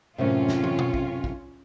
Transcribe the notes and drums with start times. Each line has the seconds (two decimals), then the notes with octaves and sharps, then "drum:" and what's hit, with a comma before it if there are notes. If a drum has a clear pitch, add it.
0.18 F#2 A2 C3 C#4 F4
0.49 drum: snare
0.64 drum: tom
0.79 drum: tom B2
0.94 drum: kick
1.24 drum: kick